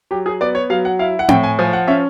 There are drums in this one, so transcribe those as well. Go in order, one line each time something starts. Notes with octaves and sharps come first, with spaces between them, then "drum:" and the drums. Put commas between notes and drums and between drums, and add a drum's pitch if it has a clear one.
F#3 G4
G#4
B3 D5
C#5
F#3 F5
F#5
E4 F5
F#5
A2 G5, drum: tom C4
G#5
F3 G#5
F#5
C#4 E5